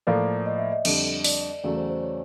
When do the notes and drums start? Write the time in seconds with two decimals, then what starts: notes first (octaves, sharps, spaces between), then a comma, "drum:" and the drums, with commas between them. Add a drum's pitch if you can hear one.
0.07 A2 F3 A#3 D5
0.46 D#5
0.59 E5
0.72 D#5
0.85 F2 D3 G3 D#5, drum: cymbal
1.24 D5, drum: open hi-hat
1.64 E2 C#3 F#3 A3 D5
1.76 C5
1.90 C5
2.02 C#5